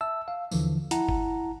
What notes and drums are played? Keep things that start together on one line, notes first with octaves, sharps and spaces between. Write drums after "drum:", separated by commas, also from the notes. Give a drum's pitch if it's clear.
E5 A5 E6
F5
D#2 D3 E3 F3, drum: tambourine
E4 F#5 A5 A#5, drum: hi-hat
drum: kick G1